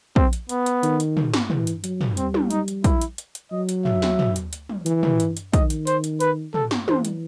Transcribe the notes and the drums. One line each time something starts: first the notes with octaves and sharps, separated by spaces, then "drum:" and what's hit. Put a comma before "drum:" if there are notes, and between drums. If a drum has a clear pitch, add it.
C4, drum: kick
drum: hi-hat
B3, drum: hi-hat
drum: hi-hat
D#3, drum: hi-hat
drum: hi-hat
drum: tom
drum: snare A3
E3, drum: tom
drum: hi-hat
F#3, drum: hi-hat
drum: tom
G3 C4, drum: hi-hat
drum: tom
D#4, drum: hi-hat
drum: hi-hat
E4, drum: kick, hi-hat
drum: hi-hat
drum: hi-hat
drum: hi-hat
F#3 D#5
drum: hi-hat
E5, drum: tom
drum: snare A3
drum: tom
drum: hi-hat
drum: hi-hat
drum: tom
E3, drum: hi-hat
drum: tom
drum: hi-hat
drum: hi-hat
D#3 D#5, drum: kick, hi-hat
drum: hi-hat
C5, drum: hi-hat
drum: hi-hat
B4, drum: hi-hat
A4, drum: tom
drum: snare A3
E3 C5, drum: tom
drum: hi-hat